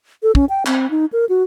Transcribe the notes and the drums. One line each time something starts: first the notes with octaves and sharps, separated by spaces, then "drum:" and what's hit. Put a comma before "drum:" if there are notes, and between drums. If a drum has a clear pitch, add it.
A4
C#4, drum: kick
G5
C4, drum: clap
D#4
A#4
F#4